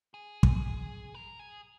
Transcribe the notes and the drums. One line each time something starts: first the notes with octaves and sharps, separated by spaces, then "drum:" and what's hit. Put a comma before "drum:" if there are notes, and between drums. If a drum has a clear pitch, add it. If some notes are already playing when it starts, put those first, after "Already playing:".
G#4
drum: kick
A#4
G#4